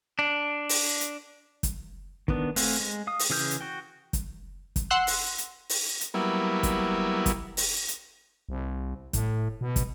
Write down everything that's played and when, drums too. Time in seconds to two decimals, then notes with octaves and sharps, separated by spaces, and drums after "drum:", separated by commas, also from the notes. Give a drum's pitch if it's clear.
0.19 D4
0.69 drum: open hi-hat
1.01 drum: hi-hat
1.63 drum: kick, hi-hat
2.28 D#3 B3 D4, drum: kick
2.56 A3 C4 F5 F#5 G#5, drum: open hi-hat
2.80 G#3
3.07 F5 D#6
3.19 drum: open hi-hat
3.30 C#3 E3 G#4 F6 G6
3.51 drum: hi-hat
3.61 F#4 G5
4.13 drum: kick, hi-hat
4.76 drum: kick, hi-hat
4.90 F#5 C6 E6 F#6
5.07 drum: open hi-hat
5.38 drum: hi-hat
5.69 drum: open hi-hat
6.01 drum: hi-hat
6.14 F#3 G3 A#3 B3 E4
6.63 drum: kick, hi-hat
7.26 drum: kick, hi-hat
7.57 drum: open hi-hat
7.88 drum: hi-hat
8.49 C2
9.13 A2, drum: kick, hi-hat
9.61 B2
9.76 drum: kick, hi-hat